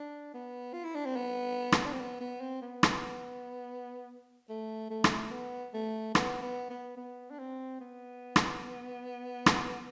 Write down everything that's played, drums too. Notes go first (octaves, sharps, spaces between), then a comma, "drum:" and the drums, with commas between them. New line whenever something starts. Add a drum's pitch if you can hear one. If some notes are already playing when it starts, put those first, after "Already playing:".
Already playing: D4
B3
F4
E4
D4
C4
B3
drum: rim click
D4
C4
B3
B3
C4
B3
drum: rim click
A3
A3
drum: rim click
B3
A3
B3, drum: rim click
B3
B3
B3
D4
C4
B3
drum: rim click
drum: rim click